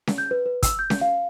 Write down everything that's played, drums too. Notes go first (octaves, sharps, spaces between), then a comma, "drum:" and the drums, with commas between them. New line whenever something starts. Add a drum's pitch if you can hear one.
drum: snare C#4
G6
B4
B4
E6, drum: kick, hi-hat
G6
drum: snare C#4
F5